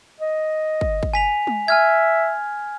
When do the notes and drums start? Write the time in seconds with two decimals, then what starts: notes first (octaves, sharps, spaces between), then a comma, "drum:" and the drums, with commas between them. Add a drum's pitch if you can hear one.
0.20 D#5
0.81 drum: kick
1.03 drum: kick
1.14 G#5 B6 F7
1.47 drum: tom G#3
1.68 E5 G#5 F6 G#6